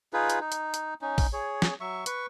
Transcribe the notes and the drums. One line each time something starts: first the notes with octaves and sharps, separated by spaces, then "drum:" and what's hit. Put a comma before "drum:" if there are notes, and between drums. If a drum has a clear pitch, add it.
D#4 F4 G#4 B4
drum: hi-hat
D#4
drum: hi-hat
drum: hi-hat
C#4 D#4
drum: kick A#1, open hi-hat
G#4 C#5
drum: snare
F#3 E5 C#6
B4 C#6, drum: hi-hat